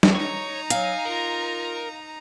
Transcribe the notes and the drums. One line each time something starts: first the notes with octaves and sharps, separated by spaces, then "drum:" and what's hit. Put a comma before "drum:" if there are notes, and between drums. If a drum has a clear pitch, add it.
drum: snare
D#4 C#5 A#5
F#3 F5 G#5, drum: hi-hat
F4 A#4